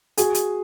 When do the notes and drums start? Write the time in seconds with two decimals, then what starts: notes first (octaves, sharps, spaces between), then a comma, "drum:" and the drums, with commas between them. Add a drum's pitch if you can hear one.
0.17 F#4 G#4, drum: hi-hat
0.34 drum: hi-hat